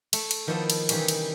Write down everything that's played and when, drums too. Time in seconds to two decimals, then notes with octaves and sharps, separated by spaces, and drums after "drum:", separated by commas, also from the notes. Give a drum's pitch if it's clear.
0.13 A3, drum: cymbal
0.31 drum: cymbal
0.47 D#3 F3 A#3 B3 E4 A4
0.70 drum: cymbal
0.89 C3 D#3 E3 G3 A#3 C#4, drum: cymbal
1.08 drum: cymbal